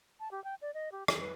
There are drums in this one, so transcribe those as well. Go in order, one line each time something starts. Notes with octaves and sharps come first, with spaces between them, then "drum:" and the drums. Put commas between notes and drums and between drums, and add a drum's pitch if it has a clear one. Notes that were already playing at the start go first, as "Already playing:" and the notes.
A5
G4
G5
D5
D#5
G4
G#4, drum: rim click
B4